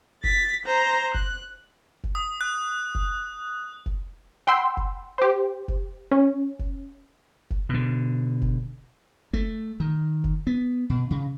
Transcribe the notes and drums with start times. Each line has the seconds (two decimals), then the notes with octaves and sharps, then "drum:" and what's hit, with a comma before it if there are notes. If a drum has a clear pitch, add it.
0.24 A6 B6, drum: kick F1
0.66 C5 A#5
1.14 F#6, drum: kick F1
2.04 drum: kick F1
2.15 D#6
2.41 F#6
2.95 drum: kick F1
3.86 drum: kick F1
4.47 F#5 G5 B5 C6 E6
4.77 drum: kick F1
5.18 G4 C5
5.68 drum: kick F1
6.11 C#4
6.59 drum: kick F1
7.50 drum: kick F1
7.69 B2 D3
8.42 drum: kick F1
9.33 A3, drum: kick F1
9.80 D#3
10.24 drum: kick F1
10.47 B3
10.90 B2
11.10 C#3